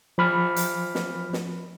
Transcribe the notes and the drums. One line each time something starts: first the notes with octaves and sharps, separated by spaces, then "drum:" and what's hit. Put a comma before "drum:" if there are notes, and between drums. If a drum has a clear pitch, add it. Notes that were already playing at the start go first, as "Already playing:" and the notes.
F3 B5 F6
drum: hi-hat
drum: snare
drum: snare